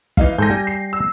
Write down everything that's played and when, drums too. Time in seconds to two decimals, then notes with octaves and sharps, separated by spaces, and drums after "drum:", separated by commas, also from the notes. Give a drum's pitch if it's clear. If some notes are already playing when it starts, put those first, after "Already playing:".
0.17 E3 D#4 F5, drum: kick
0.38 G#2 A4 G#5 G6 A#6
0.50 G3 G#5
0.67 C7
0.93 E6